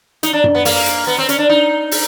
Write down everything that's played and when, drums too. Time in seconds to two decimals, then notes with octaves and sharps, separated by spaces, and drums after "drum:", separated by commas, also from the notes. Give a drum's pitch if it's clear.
0.23 D#4, drum: hi-hat
0.33 D4
0.44 drum: tom F#2
0.55 B3
0.65 A#3, drum: open hi-hat
0.86 drum: hi-hat
1.07 B3
1.18 C4
1.29 C#4, drum: hi-hat
1.39 D4
1.49 D#4
1.91 drum: open hi-hat